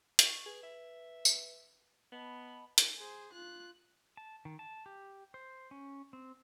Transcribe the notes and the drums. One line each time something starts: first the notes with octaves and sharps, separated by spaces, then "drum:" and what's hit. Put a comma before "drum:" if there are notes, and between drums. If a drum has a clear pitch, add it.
C#6, drum: hi-hat
G#4 B4
E5
drum: tambourine
B3 D#5 A5 B5
drum: hi-hat
G#4 C5
F4 F#6
A5
D#3
A5
G4
C5
C#4
C4